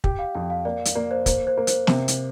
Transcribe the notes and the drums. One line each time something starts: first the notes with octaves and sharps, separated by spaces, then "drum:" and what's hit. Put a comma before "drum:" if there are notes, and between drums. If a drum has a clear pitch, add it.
G4 G5, drum: kick
F5
F2 G5
F5
A#3 D5
drum: hi-hat
A#3 D5
C5
A#3 C5, drum: kick, hi-hat
C5
A#3
C5, drum: hi-hat
C3, drum: snare
drum: hi-hat